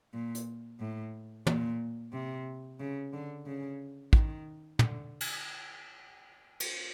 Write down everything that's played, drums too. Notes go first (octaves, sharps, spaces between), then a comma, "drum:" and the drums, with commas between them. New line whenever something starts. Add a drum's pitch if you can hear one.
A#2
drum: hi-hat
A2
A#2, drum: tom
C3
C#3
D3
C#3
D#3, drum: kick
D3, drum: tom
drum: cymbal
drum: cymbal